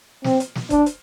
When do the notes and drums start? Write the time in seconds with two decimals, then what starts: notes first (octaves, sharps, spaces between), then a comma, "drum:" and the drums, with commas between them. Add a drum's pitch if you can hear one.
0.24 C4, drum: snare
0.40 drum: hi-hat
0.55 drum: snare
0.70 D4, drum: kick F#1, hi-hat
0.86 drum: hi-hat